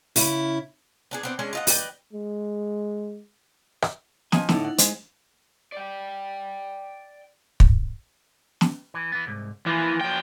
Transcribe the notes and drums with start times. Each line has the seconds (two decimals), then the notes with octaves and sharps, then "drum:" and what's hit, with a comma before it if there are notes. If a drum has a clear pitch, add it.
0.16 C#3 E4, drum: open hi-hat
1.11 B3 D4 G#4
1.23 B3 C4 D4
1.39 G#3 C#4 D4
1.53 F4 D#5 F#5
1.67 B4 D5 D#5 G5, drum: open hi-hat
2.13 G#3
3.82 drum: rim click
4.32 F3 D#5 G#5 D#6, drum: snare
4.49 A2 D3 D#4 E4, drum: snare
4.65 F#5
4.78 G#3 C5 D#5, drum: hi-hat
5.72 D5 G5
7.60 drum: kick
8.61 drum: snare
8.94 E3
9.12 E3 B3
9.26 C2 G#2
9.66 E3 F3 A#3 B3
10.01 F#3 G5